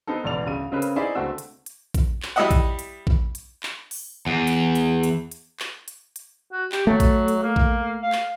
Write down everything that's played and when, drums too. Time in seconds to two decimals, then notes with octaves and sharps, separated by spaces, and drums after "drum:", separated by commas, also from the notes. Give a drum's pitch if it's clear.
0.07 B3 C4 D#4 A4
0.23 E1 A1 E3 D5 F7
0.45 D1 C#3 D#7
0.72 C#3 C4 C#4 A#4 B4
0.82 drum: hi-hat
0.96 C4 D#4 E4 G#4 D5 E5
1.15 C#2 D3 A3 C4 F#4 E6
1.38 drum: hi-hat
1.66 drum: hi-hat
1.94 drum: kick A#1, hi-hat
2.23 drum: clap
2.36 G3 E4 D#5 E5 F#5
2.51 drum: kick A#1, hi-hat
2.79 drum: hi-hat
3.07 drum: kick A#1
3.35 drum: hi-hat
3.63 drum: clap
3.91 drum: open hi-hat
4.26 E2
4.47 drum: hi-hat
4.75 drum: hi-hat
5.03 drum: hi-hat
5.31 drum: hi-hat
5.60 drum: clap
5.88 drum: hi-hat
6.16 drum: hi-hat
6.52 F#4
6.72 G4, drum: clap
6.87 F#3 A3
7.00 drum: kick A#1, hi-hat
7.28 drum: hi-hat
7.43 A#3
7.56 drum: kick A#1
8.02 F5
8.12 drum: clap